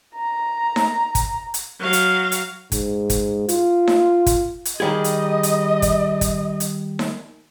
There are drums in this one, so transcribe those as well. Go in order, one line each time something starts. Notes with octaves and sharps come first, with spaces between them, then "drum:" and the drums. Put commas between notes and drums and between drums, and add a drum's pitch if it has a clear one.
A#5
drum: snare D#4
drum: kick, hi-hat
drum: hi-hat
F#3 F5
drum: hi-hat
drum: hi-hat
G#2, drum: kick, hi-hat
drum: kick, hi-hat
F4, drum: hi-hat
drum: snare D#4
drum: kick, hi-hat
drum: hi-hat
D#3 G3 G#4 D#5
drum: hi-hat
drum: hi-hat
drum: kick, hi-hat
drum: kick, hi-hat
drum: hi-hat
drum: snare D#4